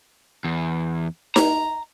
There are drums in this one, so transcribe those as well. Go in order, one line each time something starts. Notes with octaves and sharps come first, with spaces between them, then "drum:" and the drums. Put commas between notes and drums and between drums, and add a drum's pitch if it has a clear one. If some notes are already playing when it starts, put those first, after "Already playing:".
E2
A#5, drum: snare D#4